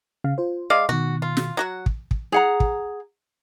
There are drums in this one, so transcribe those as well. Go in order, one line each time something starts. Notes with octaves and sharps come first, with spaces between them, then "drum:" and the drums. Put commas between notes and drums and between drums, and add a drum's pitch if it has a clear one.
C#3 F5
F4 C5
G#3 D5 F5
B2 D#3 F#4
F4
drum: snare
F#3 F#4 F#5
drum: kick
drum: kick
G#4 F#5 A#5
drum: kick